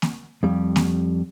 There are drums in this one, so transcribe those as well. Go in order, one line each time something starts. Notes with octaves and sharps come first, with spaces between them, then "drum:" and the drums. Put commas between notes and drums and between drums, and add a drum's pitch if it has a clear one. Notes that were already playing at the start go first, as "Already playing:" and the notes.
drum: snare A#3
F2 G3
drum: snare A#3